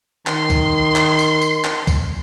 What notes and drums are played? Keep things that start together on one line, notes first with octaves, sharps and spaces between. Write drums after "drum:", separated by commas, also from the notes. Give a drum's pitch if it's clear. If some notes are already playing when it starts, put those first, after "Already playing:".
D#3 C6, drum: clap
drum: kick, tambourine
drum: clap
drum: tambourine
drum: tambourine
drum: clap
drum: kick, tambourine